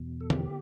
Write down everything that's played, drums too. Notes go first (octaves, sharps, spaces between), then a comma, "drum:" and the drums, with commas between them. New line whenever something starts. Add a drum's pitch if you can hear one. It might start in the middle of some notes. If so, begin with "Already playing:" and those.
Already playing: E2 B2
A4
G4, drum: tom D3